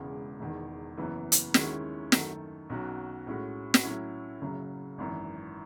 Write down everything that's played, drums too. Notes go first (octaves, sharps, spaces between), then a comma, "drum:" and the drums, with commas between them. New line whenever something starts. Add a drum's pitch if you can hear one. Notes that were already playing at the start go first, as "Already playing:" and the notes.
Already playing: E1 E2 C#3 G#3
E1 E2 D#3
F#1 F#2 E3 B3
drum: hi-hat
D#2 D#3 G#3 C#4 E4, drum: snare
F#2 D#3 A3, drum: snare
B1 B2 F#3 C#4 F#4
A2 G#3 C#4 F#4
drum: snare
A2 F#3 C#4 E4
F#1 F#2 C#3 F#3
G#1 F#2 E3